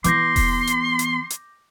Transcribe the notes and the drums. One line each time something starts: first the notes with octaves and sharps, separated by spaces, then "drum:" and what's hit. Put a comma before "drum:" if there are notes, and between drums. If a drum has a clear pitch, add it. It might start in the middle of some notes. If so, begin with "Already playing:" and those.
E3 B3 C6 D6 G6 A#6, drum: hi-hat
drum: kick E1, open hi-hat
drum: hi-hat
drum: hi-hat
drum: hi-hat